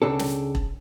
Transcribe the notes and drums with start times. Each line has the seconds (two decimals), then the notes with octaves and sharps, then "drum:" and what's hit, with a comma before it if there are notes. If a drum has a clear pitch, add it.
0.02 C#2 C#3 D4 A4
0.19 drum: snare
0.55 drum: kick E1